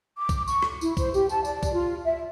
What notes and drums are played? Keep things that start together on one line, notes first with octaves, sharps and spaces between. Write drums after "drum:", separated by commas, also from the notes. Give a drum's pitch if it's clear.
D6
drum: kick B1, tambourine
C#6, drum: tambourine
drum: rim click
E4, drum: tambourine
C5, drum: kick B1, tambourine
G4, drum: tambourine
A5, drum: tambourine
D5, drum: tambourine
drum: kick B1, tambourine
F4
E5